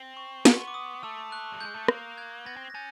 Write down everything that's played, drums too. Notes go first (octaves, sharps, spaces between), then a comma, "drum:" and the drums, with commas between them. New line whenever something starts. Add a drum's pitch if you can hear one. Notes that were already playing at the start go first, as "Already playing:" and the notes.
Already playing: C4
C#6
B3, drum: snare
C6
C#6
D6
D#6
A3 E6
F#6
G3
G#3 G6
A3
A#3, drum: rim click
F#6 G#6
B3 G#6 A#6
C4
A#6
C#4 G6 A6